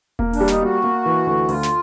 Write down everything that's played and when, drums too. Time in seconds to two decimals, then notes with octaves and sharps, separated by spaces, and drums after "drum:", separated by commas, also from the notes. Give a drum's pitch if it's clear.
0.19 A#3, drum: kick E1
0.33 D4, drum: open hi-hat
0.41 G3
0.48 D#4, drum: snare
0.62 A#3 F#4
0.84 A#3
1.06 E3
1.27 D2
1.49 D2 F4, drum: open hi-hat
1.63 drum: snare